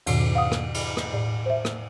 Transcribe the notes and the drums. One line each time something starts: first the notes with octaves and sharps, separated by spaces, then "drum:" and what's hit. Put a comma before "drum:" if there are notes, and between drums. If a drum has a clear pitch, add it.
E2 G#2 B2 D#3, drum: cymbal
F5 F#5 D#6
drum: rim click
drum: cymbal
drum: rim click
A2 D5
C5 E5
drum: rim click